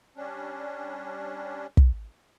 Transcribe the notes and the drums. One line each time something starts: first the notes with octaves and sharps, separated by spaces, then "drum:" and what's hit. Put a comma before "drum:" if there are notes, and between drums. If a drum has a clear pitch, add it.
G3 C#4 D4
drum: kick